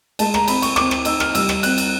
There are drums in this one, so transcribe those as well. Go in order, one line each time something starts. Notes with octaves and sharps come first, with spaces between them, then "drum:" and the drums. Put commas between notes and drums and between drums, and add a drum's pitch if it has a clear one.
G#3 A5, drum: cymbal
A#5, drum: rim click
C4 B5, drum: cymbal
C#6, drum: cymbal
C4 D6, drum: rim click
drum: rim click
D#4 E6, drum: cymbal
F6, drum: rim click
G3 E6, drum: cymbal
drum: rim click
C4 F#6, drum: cymbal
drum: cymbal